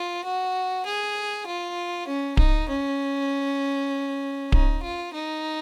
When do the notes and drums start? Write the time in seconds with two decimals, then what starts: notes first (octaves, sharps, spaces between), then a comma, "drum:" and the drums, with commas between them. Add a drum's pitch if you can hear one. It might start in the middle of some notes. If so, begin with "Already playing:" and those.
Already playing: F4
0.24 F#4
0.85 G#4
1.46 F4
2.07 C#4
2.37 D#4, drum: kick D1
2.69 C#4
4.52 D#4, drum: kick D1
4.82 F4
5.13 D#4